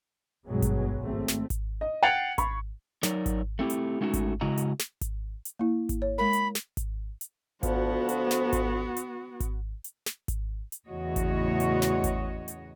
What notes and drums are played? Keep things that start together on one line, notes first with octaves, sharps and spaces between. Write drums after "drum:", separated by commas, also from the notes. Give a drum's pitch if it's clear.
B1 G2 B2 F#3 G#3 B3
drum: kick G#1, hi-hat
G#1 A3 C4
drum: snare
drum: kick G#1, hi-hat
D#5
F#5 G5 G#6 A6 C7 F7
B5 C#6, drum: kick G#1, hi-hat
F#3 D#4 A#4 C#5 D5, drum: snare
drum: kick G#1, hi-hat
A3 C4 E4 G4
drum: hi-hat
G#3 A3 C#4 D#4 F#4
drum: kick G#1, hi-hat
C#3 G#3 E4 F#4 D#5 A#5
drum: hi-hat
drum: snare
drum: kick G#1, hi-hat
drum: hi-hat
A#3 E4
drum: kick G#1, hi-hat
C#5
G#3 A#4 B5
drum: hi-hat
drum: snare
drum: kick G#1, hi-hat
drum: hi-hat
D2 F3 B3 F#4, drum: kick G#1, hi-hat
drum: hi-hat
drum: snare
drum: kick G#1, hi-hat
drum: hi-hat
drum: kick G#1, hi-hat
drum: hi-hat
drum: snare
drum: kick G#1, hi-hat
drum: hi-hat
E2 A2 C#3 F#4 C#5 D#5
drum: kick G#1, hi-hat
drum: hi-hat
drum: snare
drum: kick G#1, hi-hat
drum: hi-hat